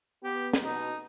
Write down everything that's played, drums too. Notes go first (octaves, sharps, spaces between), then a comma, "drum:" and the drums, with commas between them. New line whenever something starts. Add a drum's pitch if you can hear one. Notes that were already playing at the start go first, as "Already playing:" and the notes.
B3 G4
drum: snare
B2 D#4